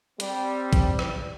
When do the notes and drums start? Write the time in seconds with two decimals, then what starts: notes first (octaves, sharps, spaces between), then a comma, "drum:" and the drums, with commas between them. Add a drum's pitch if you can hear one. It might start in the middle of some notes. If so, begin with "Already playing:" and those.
0.20 G3 C4, drum: hi-hat
0.73 drum: kick, hi-hat
0.99 drum: rim click